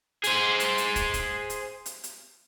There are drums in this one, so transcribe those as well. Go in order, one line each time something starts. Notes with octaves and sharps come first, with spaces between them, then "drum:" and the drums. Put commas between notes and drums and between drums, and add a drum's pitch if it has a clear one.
G#4 C5, drum: hi-hat
drum: hi-hat
drum: hi-hat
drum: kick, hi-hat
drum: kick, hi-hat
drum: hi-hat
drum: hi-hat
drum: hi-hat